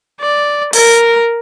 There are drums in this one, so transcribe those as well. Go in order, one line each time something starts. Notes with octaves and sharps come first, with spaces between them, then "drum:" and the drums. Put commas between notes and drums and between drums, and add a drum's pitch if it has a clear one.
D5
A#4, drum: open hi-hat